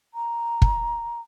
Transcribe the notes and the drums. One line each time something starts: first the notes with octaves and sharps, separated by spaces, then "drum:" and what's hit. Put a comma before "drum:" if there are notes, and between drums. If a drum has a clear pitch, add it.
A#5
drum: kick